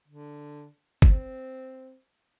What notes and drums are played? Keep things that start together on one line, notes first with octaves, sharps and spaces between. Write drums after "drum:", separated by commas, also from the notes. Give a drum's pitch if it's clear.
D3
C4, drum: kick G1